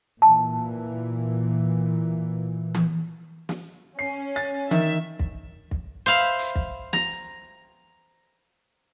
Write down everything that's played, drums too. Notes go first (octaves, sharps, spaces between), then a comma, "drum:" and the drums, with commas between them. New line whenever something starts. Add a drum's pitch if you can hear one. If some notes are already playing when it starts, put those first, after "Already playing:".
A#2 E3 A5
drum: tom E3
drum: snare
C#4 C7
A6
D#3 E5, drum: tom E3
drum: kick
drum: kick
C5 E5 F5 B5
drum: hi-hat
drum: kick
A#5, drum: snare